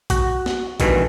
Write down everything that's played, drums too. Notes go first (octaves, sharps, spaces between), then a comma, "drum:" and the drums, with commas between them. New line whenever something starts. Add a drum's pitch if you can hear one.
F#4, drum: kick A#1, hi-hat
drum: snare B3
G2 B2 D#3 E3 A3, drum: kick A#1, hi-hat